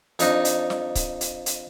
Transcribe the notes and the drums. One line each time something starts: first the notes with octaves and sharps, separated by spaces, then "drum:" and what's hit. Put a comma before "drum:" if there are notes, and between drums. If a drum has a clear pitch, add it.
F2 D4 D#4, drum: hi-hat
drum: hi-hat
drum: snare
drum: kick C#1, hi-hat
drum: hi-hat
drum: hi-hat